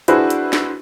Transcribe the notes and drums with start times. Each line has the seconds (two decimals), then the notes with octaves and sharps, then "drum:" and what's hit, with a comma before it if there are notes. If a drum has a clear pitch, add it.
0.08 D4 E4 F#4 G#4 B4 C5, drum: hi-hat
0.30 drum: hi-hat
0.53 drum: snare